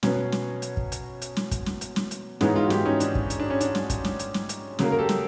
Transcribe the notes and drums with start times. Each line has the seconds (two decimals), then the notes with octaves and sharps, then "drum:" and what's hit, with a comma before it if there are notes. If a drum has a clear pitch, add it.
0.03 B2 F#3 B3 C#4, drum: snare
0.32 drum: snare
0.62 drum: hi-hat
0.77 drum: kick
0.92 drum: hi-hat
1.22 drum: hi-hat
1.37 drum: snare
1.51 drum: kick, hi-hat
1.66 drum: snare
1.81 drum: hi-hat
1.96 drum: snare
2.11 drum: hi-hat
2.41 G#2 E3 G#3 B3 C#4 D#4, drum: snare
2.55 D#4 F4
2.64 F#4
2.70 F4 G4, drum: snare
2.85 C#4 D#4
3.00 D4, drum: hi-hat
3.15 drum: kick
3.30 drum: hi-hat
3.40 D4
3.50 C#4
3.61 D4, drum: hi-hat
3.75 drum: snare
3.90 drum: kick, hi-hat
4.05 drum: snare
4.19 drum: hi-hat
4.34 drum: snare
4.49 drum: hi-hat
4.79 C#3 F#3 A#3, drum: snare
4.92 A#4
4.99 G4 A4
5.09 drum: snare